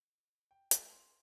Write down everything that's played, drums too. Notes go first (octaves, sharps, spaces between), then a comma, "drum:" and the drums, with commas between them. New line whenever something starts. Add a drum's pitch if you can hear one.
G5
G#3, drum: hi-hat
C6